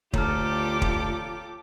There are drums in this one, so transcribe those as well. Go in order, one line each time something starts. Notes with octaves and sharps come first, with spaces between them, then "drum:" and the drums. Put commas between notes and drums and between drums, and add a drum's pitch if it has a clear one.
D2 F4 G4 A4 C#5 A#5 D6 F6, drum: kick
drum: kick